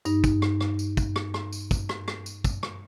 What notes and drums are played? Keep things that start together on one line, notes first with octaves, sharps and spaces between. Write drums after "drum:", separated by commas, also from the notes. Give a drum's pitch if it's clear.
G2 D#4, drum: tambourine
drum: kick, tambourine
drum: rim click
drum: rim click
drum: tambourine
drum: kick, tambourine
drum: rim click
drum: rim click
drum: tambourine
drum: kick, tambourine
drum: rim click
drum: rim click
drum: tambourine
drum: kick, tambourine
drum: rim click